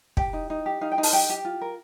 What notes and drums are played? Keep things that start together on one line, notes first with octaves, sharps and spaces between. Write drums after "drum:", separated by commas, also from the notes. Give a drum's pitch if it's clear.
G4 G5, drum: kick
D#4
D#4
G4
D#4 F5
G5
D#4
A5, drum: open hi-hat
G4 G5
G4
F4
A#4